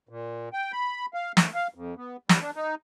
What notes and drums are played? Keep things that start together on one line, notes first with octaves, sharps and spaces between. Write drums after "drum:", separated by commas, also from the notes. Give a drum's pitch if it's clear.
A#2
G5
B5
F5
A3, drum: snare
F5
F2
B3
G3, drum: snare
D4
D#4